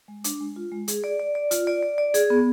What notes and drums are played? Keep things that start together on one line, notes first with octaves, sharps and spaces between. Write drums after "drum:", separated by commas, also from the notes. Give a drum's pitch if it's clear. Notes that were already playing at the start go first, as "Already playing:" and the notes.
G#3
D4, drum: hi-hat
G#3
F4
G#3
G#4, drum: hi-hat
D5
D5
D5
F4, drum: hi-hat
D5
D5
D5
G#4, drum: hi-hat
B3